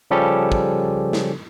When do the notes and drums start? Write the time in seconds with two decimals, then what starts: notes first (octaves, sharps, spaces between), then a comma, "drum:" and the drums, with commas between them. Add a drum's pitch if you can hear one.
0.11 C#3 F3 G3 C#4 G4 A4
0.52 drum: kick
1.13 drum: snare